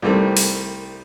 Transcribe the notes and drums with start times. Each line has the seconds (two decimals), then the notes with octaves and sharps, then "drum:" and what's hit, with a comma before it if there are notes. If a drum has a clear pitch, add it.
0.02 C2 D#3 G3 A3 C4
0.37 drum: open hi-hat